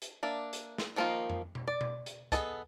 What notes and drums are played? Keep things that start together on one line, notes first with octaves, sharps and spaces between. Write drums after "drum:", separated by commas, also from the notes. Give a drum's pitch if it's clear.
drum: hi-hat
A#3 D4 E5
drum: hi-hat
drum: snare
D#3 F3 A#3 D#4 F4
drum: tom F2
drum: tom B2
D5
drum: tom B2
drum: hi-hat
B3 G#4 A4 D#5 A5, drum: kick, hi-hat